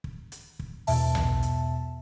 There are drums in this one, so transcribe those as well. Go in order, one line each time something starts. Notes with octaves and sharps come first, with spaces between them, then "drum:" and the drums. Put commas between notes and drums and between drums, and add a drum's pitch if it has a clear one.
drum: kick
drum: hi-hat
drum: kick
E2 B2 E5 A5, drum: open hi-hat
drum: tom B1
drum: hi-hat